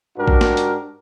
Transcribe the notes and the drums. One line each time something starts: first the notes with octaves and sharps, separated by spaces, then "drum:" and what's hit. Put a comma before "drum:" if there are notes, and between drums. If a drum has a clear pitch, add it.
G#2 D4 F#4 G4 A#4
drum: kick
drum: snare
drum: hi-hat